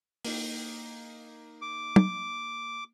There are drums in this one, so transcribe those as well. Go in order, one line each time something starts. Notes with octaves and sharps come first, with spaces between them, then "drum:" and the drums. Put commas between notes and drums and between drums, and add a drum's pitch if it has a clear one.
A#3 D#4, drum: open hi-hat
D6
drum: tom